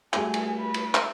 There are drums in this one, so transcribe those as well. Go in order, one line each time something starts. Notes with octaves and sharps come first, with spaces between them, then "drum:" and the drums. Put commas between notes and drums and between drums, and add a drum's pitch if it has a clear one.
G3 A3 F#4 G#4, drum: clap
drum: cymbal
B4
drum: cymbal
drum: clap